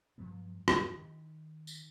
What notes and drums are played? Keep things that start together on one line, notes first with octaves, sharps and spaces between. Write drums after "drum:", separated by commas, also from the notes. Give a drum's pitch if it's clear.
G2 F3 F#3 B3
G#2, drum: rim click
D#3
drum: tambourine